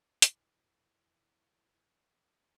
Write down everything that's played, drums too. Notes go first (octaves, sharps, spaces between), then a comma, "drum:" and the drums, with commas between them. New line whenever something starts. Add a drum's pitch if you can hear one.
F2 B2 E3, drum: hi-hat